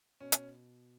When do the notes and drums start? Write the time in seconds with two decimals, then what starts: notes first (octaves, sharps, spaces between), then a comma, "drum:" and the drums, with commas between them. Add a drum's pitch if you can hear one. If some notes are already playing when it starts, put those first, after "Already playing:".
0.20 B2 C#4
0.32 drum: hi-hat